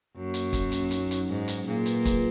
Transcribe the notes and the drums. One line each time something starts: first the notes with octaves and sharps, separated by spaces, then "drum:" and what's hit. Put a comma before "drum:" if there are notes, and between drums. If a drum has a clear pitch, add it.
F#2 A#3
A#3, drum: hi-hat
C#4, drum: kick, hi-hat
C#4, drum: hi-hat
D#4, drum: hi-hat
F#3, drum: hi-hat
G#2 F#3
F#3, drum: hi-hat
A#2 G#4
B4, drum: hi-hat
F4, drum: kick, hi-hat